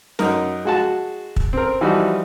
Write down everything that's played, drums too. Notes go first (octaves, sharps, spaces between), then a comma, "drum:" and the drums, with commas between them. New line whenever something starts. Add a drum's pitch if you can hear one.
F#2 D#4 A#4, drum: snare
G#3 F#4 A5
drum: kick
C4 A#4
E3 F3 G3 D#4 F#4